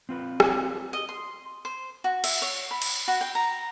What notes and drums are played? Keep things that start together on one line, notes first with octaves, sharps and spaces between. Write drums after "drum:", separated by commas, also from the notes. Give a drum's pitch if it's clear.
C4 F4 B4
drum: rim click
D#5
C6
C5
F#4
E5, drum: cymbal
C#5
B5
drum: cymbal
F#4
G5
A#5